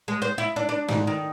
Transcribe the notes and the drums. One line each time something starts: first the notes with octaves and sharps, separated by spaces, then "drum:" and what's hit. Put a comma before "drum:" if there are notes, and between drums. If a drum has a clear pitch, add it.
G#3
C5
E4
D4
D4
G#2, drum: snare
D#3